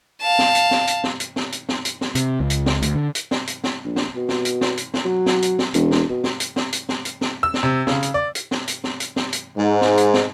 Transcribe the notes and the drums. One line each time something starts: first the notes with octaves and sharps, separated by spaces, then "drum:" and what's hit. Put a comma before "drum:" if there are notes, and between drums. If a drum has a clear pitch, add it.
F5 A5
drum: snare
drum: hi-hat
drum: snare
drum: hi-hat
drum: snare
drum: hi-hat
drum: snare
drum: hi-hat
drum: snare
drum: hi-hat
drum: snare
C3, drum: hi-hat
C#2
drum: hi-hat
drum: snare
D2, drum: hi-hat
D3
drum: hi-hat
drum: snare
drum: hi-hat
drum: snare
A#1
drum: snare
B2
drum: snare
drum: hi-hat
drum: snare
drum: hi-hat
drum: snare
F#3
drum: snare
drum: hi-hat
drum: snare
E1, drum: hi-hat
drum: snare
B2
drum: snare
drum: hi-hat
drum: snare
drum: hi-hat
drum: snare
drum: hi-hat
drum: snare
E6
drum: snare
C3
C#3, drum: snare
drum: hi-hat
D5
drum: hi-hat
drum: snare
drum: hi-hat
drum: snare
drum: hi-hat
drum: snare
drum: hi-hat
G#2
drum: snare
drum: hi-hat
drum: snare